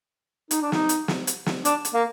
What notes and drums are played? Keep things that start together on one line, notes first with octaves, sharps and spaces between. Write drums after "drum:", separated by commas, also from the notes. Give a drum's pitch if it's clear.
D#4, drum: hi-hat
D4
D#4, drum: snare
drum: hi-hat
drum: snare
drum: hi-hat
drum: snare
D4, drum: hi-hat
drum: hi-hat
A#3